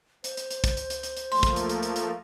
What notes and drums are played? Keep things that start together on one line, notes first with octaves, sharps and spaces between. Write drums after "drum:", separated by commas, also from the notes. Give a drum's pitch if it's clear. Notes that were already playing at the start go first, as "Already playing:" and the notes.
C5, drum: hi-hat
drum: hi-hat
drum: hi-hat
drum: kick, hi-hat
drum: hi-hat
drum: hi-hat
drum: hi-hat
drum: hi-hat
F3 A3 A#3 C6, drum: open hi-hat
drum: kick, hi-hat
drum: hi-hat
drum: hi-hat
drum: hi-hat
drum: hi-hat